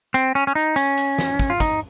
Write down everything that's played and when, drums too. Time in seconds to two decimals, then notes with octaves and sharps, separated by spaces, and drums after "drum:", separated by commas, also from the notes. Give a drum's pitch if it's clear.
0.14 C4
0.35 C#4
0.47 C#4
0.55 D#4
0.76 C#4, drum: hi-hat
0.98 drum: hi-hat
1.19 drum: snare
1.39 drum: kick, hi-hat
1.50 F4
1.60 D#4, drum: kick, hi-hat